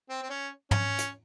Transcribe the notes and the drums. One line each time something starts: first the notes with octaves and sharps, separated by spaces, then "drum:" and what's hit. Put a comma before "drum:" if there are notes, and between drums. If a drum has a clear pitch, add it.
C4
C4
C#4
C#4, drum: tom
drum: hi-hat